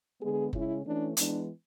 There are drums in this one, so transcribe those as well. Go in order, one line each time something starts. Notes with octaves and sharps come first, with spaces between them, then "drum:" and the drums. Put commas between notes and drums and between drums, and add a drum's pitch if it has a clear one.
D3 G#3 B3 G#4
C#3 G#3 C#4 E4, drum: kick F#1
E3 A3 C#4 D4
E3 G#3 B3 D4, drum: hi-hat